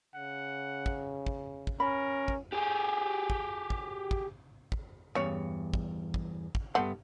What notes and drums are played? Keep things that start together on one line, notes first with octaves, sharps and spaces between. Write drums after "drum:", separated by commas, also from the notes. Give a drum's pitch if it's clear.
C#3 F#5
drum: kick
drum: kick
drum: kick
C#4 A#4 B5
drum: kick
G4 G#4
drum: kick
drum: kick
drum: kick
drum: kick
E2 G2 C#3 C#5
drum: kick
drum: kick
drum: kick
G2 A3 B3 F#5 C6